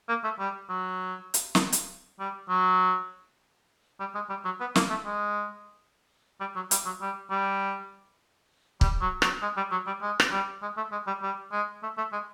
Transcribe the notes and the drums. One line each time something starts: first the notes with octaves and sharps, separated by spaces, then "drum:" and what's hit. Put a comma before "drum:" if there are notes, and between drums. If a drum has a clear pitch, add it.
A#3
A3
G3
F#3
drum: hi-hat
drum: snare
drum: hi-hat
G3
F#3
G3
G#3
G3
F#3
B3
A#3, drum: snare
A3
G#3
G3
F#3
G3, drum: hi-hat
F#3
G3
G3
G3, drum: kick
F#3
F#3, drum: rim click
G#3
G3
F#3
G3
G#3
drum: rim click
G3
G#3
A3
G#3
G3
G3
G#3
A3
A3
G#3